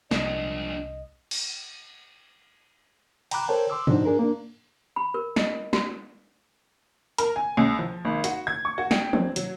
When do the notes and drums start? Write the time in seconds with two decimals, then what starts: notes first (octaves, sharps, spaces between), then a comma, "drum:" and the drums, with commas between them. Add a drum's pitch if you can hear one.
0.11 C2 F3 G3 G#3 D4 D#5, drum: snare
1.31 drum: cymbal
3.31 G5 A#5 B5 D6 F#6, drum: cymbal
3.48 A4 A#4 C5 C#5 G5 A5
3.70 C6 D6 E6
3.87 F3 D4 D#4 F#4 C5, drum: tom G2
4.05 D4 G#4 A#4
4.19 A#3 D4
4.96 B5
5.14 A#4
5.36 D#5, drum: snare
5.73 F#4, drum: snare
7.18 A#4, drum: hi-hat
7.36 G#5
7.57 C#2
7.79 F3
8.05 G#1
8.24 F#4, drum: hi-hat
8.47 G#6
8.65 C#6
8.78 F#4
8.91 G5, drum: snare
9.13 C4, drum: tom E3
9.36 F#3, drum: hi-hat